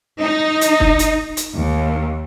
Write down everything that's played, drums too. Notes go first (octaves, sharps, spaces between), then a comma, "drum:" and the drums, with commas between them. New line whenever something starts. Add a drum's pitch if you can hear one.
D#4
drum: hi-hat
drum: kick
drum: hi-hat
drum: hi-hat
D#2